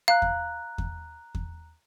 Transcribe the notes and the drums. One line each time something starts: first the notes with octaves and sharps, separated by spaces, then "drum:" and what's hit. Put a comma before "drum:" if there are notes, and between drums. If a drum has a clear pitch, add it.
F5 A#5 F#6
drum: kick E2
drum: kick E2
drum: kick E2